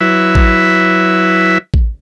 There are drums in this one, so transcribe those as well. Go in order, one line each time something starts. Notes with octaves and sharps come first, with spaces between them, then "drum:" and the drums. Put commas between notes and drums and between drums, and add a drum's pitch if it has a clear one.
F#3 E4 B4 E5
drum: kick A1
drum: kick A1